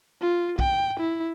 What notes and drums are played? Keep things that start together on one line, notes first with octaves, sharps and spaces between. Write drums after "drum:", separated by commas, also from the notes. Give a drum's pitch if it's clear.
F4
G5, drum: kick B1
E4